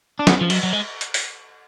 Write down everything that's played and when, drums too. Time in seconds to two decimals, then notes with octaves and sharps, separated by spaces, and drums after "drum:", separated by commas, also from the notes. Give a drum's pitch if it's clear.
0.19 D4
0.27 B3, drum: snare
0.41 F3
0.50 F#3, drum: cymbal
0.63 F#3
0.73 G#3
1.01 drum: hi-hat
1.14 drum: open hi-hat